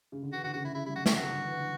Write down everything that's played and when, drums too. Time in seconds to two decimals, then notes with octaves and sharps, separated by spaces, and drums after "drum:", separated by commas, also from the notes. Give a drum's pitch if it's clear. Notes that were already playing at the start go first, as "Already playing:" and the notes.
0.12 C#3
0.23 D3
0.33 E3 F#4
0.44 D3 F#4
0.54 C#3 F#4
0.64 D3 E4
0.75 C#3 E4
0.86 G3 E4
0.96 F#3 F#4
1.06 E3 G4, drum: snare
1.16 D3 F#4
1.31 D3
1.45 E3
1.58 D3